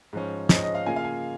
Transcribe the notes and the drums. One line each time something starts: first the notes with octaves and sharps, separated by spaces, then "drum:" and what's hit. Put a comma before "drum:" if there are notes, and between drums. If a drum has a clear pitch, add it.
G#2 F3 C#4
G#2 F3 C#4 D#5, drum: snare
D#5
F5
C#3 A#3 F4 G#5
F5
G#5